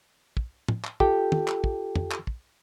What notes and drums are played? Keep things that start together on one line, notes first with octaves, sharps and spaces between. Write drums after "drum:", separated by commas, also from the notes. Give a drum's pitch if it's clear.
drum: kick
drum: tom
drum: clap
F4 G4 A4 G5, drum: kick
drum: tom
drum: clap
drum: kick
drum: tom
drum: clap
drum: kick